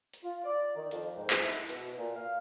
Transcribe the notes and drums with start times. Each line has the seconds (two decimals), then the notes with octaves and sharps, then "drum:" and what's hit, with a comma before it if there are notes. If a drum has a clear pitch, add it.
0.14 drum: hi-hat
0.23 F4
0.44 D5
0.75 D#3
0.91 F2, drum: hi-hat
1.17 G#2
1.30 drum: clap
1.42 E4
1.69 B2, drum: hi-hat
1.98 A#2
2.15 F5